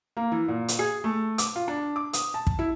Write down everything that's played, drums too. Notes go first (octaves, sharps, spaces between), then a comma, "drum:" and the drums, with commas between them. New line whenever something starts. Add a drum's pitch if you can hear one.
A#3
E3
A#2
drum: hi-hat
G#4
A3
D6, drum: hi-hat
F4
D4
D6
D#6, drum: hi-hat
A5
drum: kick
E4